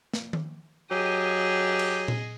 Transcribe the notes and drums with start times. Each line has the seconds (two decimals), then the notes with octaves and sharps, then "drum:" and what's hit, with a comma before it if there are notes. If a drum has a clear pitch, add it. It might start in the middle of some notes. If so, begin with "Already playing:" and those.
0.13 drum: snare
0.33 drum: tom D#3
0.91 F#3 G4 G#4 D#5
1.79 drum: cymbal
2.08 drum: tom A#2